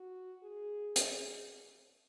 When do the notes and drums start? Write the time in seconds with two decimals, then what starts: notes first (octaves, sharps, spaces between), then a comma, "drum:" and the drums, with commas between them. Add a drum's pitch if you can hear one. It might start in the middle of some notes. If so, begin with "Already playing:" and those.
Already playing: F#4
0.43 G#4
0.96 G#4, drum: hi-hat